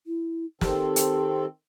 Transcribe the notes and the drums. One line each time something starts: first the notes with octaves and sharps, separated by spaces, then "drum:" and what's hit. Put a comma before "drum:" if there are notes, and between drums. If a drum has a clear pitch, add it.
E4
D#3 C4 G4 A4, drum: snare
drum: hi-hat